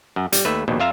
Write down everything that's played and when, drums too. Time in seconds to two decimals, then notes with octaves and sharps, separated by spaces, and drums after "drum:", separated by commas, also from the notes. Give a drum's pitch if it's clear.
0.16 F#2
0.32 G3, drum: hi-hat
0.45 D#2 A3 B4 E5
0.68 A#1 D#2 B2
0.80 F2 F4 E5 F5 A#5